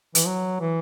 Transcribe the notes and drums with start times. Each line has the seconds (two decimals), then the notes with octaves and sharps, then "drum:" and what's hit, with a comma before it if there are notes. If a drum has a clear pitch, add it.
0.15 E3, drum: hi-hat
0.26 F#3
0.60 E3